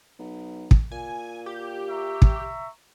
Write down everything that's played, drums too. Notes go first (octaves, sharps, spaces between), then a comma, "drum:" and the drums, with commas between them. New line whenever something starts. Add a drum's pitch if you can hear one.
B1
drum: kick
A#2 G#5
G4
E5 A#5 C#6
drum: kick